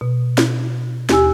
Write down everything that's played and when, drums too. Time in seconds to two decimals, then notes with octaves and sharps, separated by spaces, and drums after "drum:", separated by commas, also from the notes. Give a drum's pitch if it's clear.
0.01 B2
0.38 drum: snare
1.09 D#2 G4 G#5 E6, drum: snare